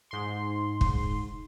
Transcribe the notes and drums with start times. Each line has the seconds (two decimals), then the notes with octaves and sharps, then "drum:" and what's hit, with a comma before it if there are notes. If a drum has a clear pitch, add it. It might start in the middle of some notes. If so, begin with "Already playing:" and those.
0.11 G#2 C6
0.81 drum: kick